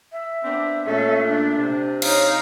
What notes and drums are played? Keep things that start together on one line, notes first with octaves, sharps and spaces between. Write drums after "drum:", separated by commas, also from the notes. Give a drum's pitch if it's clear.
E5
B3 C4 D4
A#2 A3 C#4 A4
D4
C3
D#4 C#5 F5, drum: cymbal